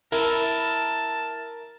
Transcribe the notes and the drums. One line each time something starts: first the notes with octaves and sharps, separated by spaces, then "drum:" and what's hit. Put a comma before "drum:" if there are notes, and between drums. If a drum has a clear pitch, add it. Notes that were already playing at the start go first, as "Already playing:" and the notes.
E4 A#4 A5, drum: cymbal